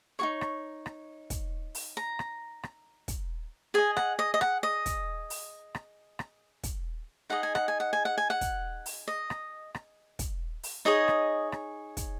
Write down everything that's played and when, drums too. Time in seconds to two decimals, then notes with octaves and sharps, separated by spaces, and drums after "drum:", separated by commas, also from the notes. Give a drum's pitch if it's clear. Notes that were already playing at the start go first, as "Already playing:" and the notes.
0.19 D#4 F#4 C#5 C#6
0.41 drum: rim click
0.86 drum: rim click
1.30 drum: kick, hi-hat
1.75 drum: open hi-hat
1.97 A#5
2.19 drum: rim click
2.63 drum: rim click
3.08 drum: kick, hi-hat
3.74 G#4 D#5 G#5
3.97 F#5, drum: rim click
4.19 D#5
4.34 D#5
4.41 F#5, drum: rim click
4.63 D#5
4.86 drum: kick, hi-hat
5.30 drum: open hi-hat
5.75 drum: rim click
6.19 drum: rim click
6.63 drum: kick, hi-hat
7.30 D#4 G#4 D#5 F#5
7.43 G#5
7.55 F#5, drum: rim click
7.68 G#5
7.80 F#5
7.93 G#5
8.05 F#5
8.18 G#5
8.30 F#5
8.41 drum: kick, hi-hat
8.86 drum: open hi-hat
9.08 D#5
9.30 drum: rim click
9.75 drum: rim click
10.19 drum: kick, hi-hat
10.63 drum: open hi-hat
10.85 D#4 G#4 C#5 D#5
11.08 drum: rim click
11.52 drum: rim click
11.97 drum: kick, hi-hat